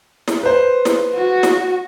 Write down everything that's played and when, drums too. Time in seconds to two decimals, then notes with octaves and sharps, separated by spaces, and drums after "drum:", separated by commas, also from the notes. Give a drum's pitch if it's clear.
0.28 drum: snare
0.43 B4 C5
0.85 drum: snare
1.14 F#4
1.43 drum: snare